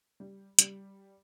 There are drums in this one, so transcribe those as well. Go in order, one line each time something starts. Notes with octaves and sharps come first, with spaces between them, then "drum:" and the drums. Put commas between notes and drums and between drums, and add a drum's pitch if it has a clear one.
G3
G3, drum: hi-hat